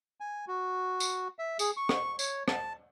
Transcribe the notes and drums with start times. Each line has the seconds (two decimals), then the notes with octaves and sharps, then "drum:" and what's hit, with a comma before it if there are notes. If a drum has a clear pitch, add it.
0.20 G#5
0.48 F#4
1.00 drum: tambourine
1.39 E5
1.59 G#4, drum: tambourine
1.77 C#6
1.89 drum: rim click
2.19 C#5, drum: tambourine
2.48 A5, drum: rim click